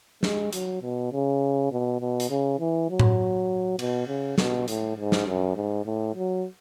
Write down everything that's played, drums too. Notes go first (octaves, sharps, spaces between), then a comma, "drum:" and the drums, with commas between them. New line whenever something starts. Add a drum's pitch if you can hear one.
G#3, drum: snare
F#3, drum: hi-hat
B2
C#3
B2
B2
drum: hi-hat
C#3
E3
F#3
drum: tom A2
B2, drum: cymbal
C#3
B2, drum: snare
A2, drum: hi-hat
G#2
drum: snare
F#2
G#2
A2
F#3